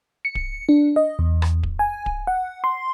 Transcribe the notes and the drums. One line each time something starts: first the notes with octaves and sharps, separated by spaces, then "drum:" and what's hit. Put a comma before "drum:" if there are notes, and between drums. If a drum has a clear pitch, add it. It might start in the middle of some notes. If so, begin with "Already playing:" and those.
C#7
drum: kick D1
D4
D#5
E2
drum: rim click
drum: kick D1
G#5
drum: kick D1
F#5
C6